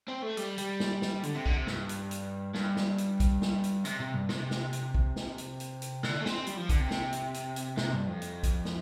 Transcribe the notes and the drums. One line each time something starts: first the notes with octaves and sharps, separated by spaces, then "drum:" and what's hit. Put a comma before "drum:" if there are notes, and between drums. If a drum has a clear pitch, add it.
C4
A3
G3, drum: hi-hat
G3, drum: hi-hat
drum: snare
drum: snare
D3, drum: hi-hat
C3
D3, drum: kick
C3
G2, drum: snare
drum: hi-hat
drum: hi-hat
G2, drum: snare
drum: snare
drum: hi-hat
drum: kick, hi-hat
drum: snare
drum: hi-hat
C3, drum: hi-hat
C3
G2
C3, drum: snare
drum: snare
drum: hi-hat
drum: kick
drum: snare
drum: hi-hat
drum: hi-hat
drum: hi-hat
D3, drum: snare
A3
C4, drum: snare
G3, drum: hi-hat
F3
D3, drum: kick, hi-hat
C3
drum: snare
drum: hi-hat
drum: hi-hat
drum: hi-hat
C3, drum: snare
G2
F2
drum: hi-hat
drum: kick, hi-hat
drum: snare